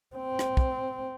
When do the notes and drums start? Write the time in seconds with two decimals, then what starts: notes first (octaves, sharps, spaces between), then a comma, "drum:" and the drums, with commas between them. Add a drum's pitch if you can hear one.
0.16 C4
0.39 drum: rim click
0.57 drum: kick